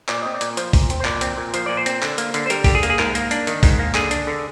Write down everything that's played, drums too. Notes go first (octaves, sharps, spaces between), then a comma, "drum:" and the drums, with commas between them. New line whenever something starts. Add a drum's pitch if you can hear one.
A#2 D5, drum: clap
C4 D#5
D5
A#2, drum: hi-hat
F3 C5, drum: hi-hat
A#2, drum: kick B1, open hi-hat
C4, drum: hi-hat
C5
A#2 D5, drum: clap
C4, drum: hi-hat
A#2
F3 C5, drum: hi-hat
A#2 D5
C5
C4, drum: hi-hat
D3, drum: clap
A#3, drum: hi-hat
D3, drum: hi-hat
C5
G3 A#4, drum: hi-hat
D3 G4, drum: kick B1, open hi-hat
G#4
A#3, drum: hi-hat
G#4
G#2 A#4, drum: clap
A#3, drum: hi-hat
D4, drum: hi-hat
D#3, drum: hi-hat
G#2, drum: kick B1, open hi-hat
A#3
D3 G#4, drum: clap
D4, drum: hi-hat
D3